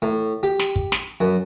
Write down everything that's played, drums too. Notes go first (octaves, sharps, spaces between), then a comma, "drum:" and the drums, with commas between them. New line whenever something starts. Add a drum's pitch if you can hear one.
A2
G4
drum: snare
drum: kick
drum: snare
F#2